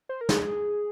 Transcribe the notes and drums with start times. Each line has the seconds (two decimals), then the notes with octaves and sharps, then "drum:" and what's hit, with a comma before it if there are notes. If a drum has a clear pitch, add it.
0.09 C5
0.21 A#4
0.29 G#4, drum: snare